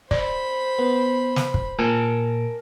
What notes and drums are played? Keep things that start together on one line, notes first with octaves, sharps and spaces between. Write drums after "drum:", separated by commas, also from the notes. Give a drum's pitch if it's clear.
C5 D5 B5, drum: kick
B3
drum: snare
drum: kick
A#2 A#4 G#5 A5